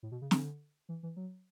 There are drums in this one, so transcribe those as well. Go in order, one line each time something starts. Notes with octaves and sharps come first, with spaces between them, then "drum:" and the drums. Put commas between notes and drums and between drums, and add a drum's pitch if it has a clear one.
A2
B2
C#3
D3, drum: snare
E3
E3
F#3